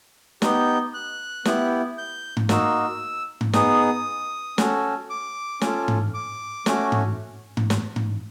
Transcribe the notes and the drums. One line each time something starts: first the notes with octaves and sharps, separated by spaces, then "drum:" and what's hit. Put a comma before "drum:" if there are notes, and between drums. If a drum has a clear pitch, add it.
B3 D#4 G4 G6, drum: snare
F#6
B3 E4 G4, drum: snare
G6
drum: tom G#2
A#3 D#4 F#4 E6, drum: snare
drum: tom G#2
B3 D#4 G#4 D#6, drum: snare
C#4 F#4 A4, drum: snare
D6
C#4 F4 A4, drum: snare
drum: tom G#2
D6
A3 C#4 F#4, drum: snare
drum: tom G#2
drum: tom G#2
drum: snare
drum: tom G#2